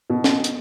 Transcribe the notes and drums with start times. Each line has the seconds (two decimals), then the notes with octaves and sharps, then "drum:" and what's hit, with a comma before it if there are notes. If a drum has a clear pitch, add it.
0.10 B2
0.24 drum: snare
0.44 drum: hi-hat